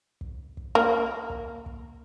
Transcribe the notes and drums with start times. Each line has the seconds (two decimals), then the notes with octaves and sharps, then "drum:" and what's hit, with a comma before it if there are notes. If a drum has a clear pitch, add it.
0.21 drum: kick
0.57 drum: kick
0.75 A#3
1.30 drum: kick
1.66 drum: kick